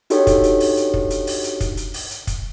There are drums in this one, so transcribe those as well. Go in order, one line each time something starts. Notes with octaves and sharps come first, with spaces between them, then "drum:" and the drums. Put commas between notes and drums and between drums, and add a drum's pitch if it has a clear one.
D4 D#4 F#4 G4 A4 C#5, drum: hi-hat
drum: kick, hi-hat
drum: hi-hat
drum: open hi-hat
drum: hi-hat
drum: kick
drum: hi-hat
drum: open hi-hat
drum: hi-hat
drum: kick, hi-hat
drum: hi-hat
drum: open hi-hat
drum: hi-hat
drum: kick, hi-hat